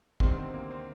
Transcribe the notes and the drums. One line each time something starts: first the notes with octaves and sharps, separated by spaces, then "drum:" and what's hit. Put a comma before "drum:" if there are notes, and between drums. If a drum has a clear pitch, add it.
D2 C3 D#3 C4, drum: kick
C4
A#3
C4